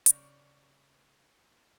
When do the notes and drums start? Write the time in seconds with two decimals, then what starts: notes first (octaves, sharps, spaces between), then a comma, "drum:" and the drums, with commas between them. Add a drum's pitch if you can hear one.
0.06 C#3 C#5 D5, drum: hi-hat